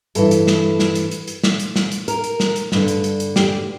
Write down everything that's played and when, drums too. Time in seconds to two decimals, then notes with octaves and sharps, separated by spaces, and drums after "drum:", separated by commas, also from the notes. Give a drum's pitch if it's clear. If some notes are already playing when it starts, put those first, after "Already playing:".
0.15 G2 E3 A4, drum: hi-hat
0.31 drum: hi-hat
0.47 drum: snare
0.79 drum: snare
0.95 drum: hi-hat
1.11 drum: hi-hat
1.27 drum: hi-hat
1.44 drum: snare
1.60 drum: hi-hat
1.76 drum: snare
1.92 drum: hi-hat
2.08 A#4, drum: hi-hat
2.24 drum: hi-hat
2.40 drum: snare
2.56 drum: hi-hat
2.72 G2 D3, drum: snare
2.88 drum: hi-hat
3.04 drum: hi-hat
3.20 drum: hi-hat
3.36 G4, drum: snare